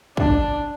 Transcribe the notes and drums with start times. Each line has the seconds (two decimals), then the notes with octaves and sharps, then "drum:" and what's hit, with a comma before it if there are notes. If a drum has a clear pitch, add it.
0.17 D4, drum: kick